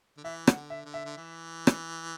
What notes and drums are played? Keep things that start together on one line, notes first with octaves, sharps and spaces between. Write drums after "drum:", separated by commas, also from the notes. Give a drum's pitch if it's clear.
D3
E3 E5
F#5, drum: rim click
D3
E5
D3
E5
D3
E3
drum: rim click